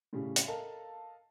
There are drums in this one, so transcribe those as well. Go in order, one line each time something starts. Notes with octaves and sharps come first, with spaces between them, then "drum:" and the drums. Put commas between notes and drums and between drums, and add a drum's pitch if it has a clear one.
A2 C#3 G3
drum: hi-hat
A4 A#4 D#5 F5 A5